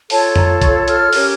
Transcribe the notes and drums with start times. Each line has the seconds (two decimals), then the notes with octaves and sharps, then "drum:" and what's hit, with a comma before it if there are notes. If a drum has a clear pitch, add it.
0.10 F4 A4 C#5 A5, drum: open hi-hat
0.36 A#5, drum: tom F2
0.61 C#6, drum: kick, hi-hat
0.88 F6, drum: hi-hat
1.13 C#4 G4 A#4 C#5, drum: open hi-hat